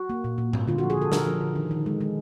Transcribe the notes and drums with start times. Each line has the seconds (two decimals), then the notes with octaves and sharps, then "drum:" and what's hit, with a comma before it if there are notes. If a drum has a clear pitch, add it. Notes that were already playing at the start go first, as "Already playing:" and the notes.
Already playing: F#4
0.10 A#3
0.24 A#2
0.38 A#2
0.53 A#2, drum: tom G#2
0.67 D3 F4
0.78 F#4
0.83 F3
0.90 G#4
0.97 D3 A4
1.12 D3 A#4, drum: snare
1.27 F3
1.41 D3
1.56 D#3
1.71 D#3
1.86 G#3
2.01 G#3